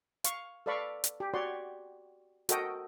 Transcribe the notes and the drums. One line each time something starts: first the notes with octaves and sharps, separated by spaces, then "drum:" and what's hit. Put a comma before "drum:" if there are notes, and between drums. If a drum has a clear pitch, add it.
F5 C#6, drum: hi-hat
A4 B4 D5 F5 B5 C#6
drum: hi-hat
G4
F#4 G4 C#5 D5 F#5 C6
F#4 A4 A#4 C5 D#5 G5, drum: hi-hat